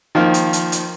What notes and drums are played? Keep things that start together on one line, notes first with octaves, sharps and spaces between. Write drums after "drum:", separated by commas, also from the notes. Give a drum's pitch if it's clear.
D#3 F3 A#3
drum: hi-hat
drum: hi-hat
drum: hi-hat